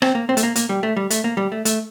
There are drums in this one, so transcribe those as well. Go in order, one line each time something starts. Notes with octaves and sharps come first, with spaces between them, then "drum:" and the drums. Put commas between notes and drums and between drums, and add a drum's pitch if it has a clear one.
C4, drum: rim click
A#3
C4
A3, drum: hi-hat
A#3
A#3, drum: hi-hat
G3
A3
G3
A3, drum: hi-hat
A#3
G3
A3
A3, drum: hi-hat